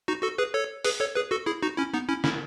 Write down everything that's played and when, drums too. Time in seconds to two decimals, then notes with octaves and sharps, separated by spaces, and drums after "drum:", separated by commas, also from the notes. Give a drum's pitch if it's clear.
0.08 D#4 F#4
0.23 F#4 A4
0.38 G#4 B4
0.54 A4 C#5
0.85 G#4 B4, drum: open hi-hat
1.00 A4 C#5
1.15 G#4 B4
1.31 F#4 A4
1.46 E4 G#4
1.63 D#4 F#4
1.77 C#4 E4
1.93 B3 D#4
2.09 C#4 E4
2.24 C#4 E4, drum: snare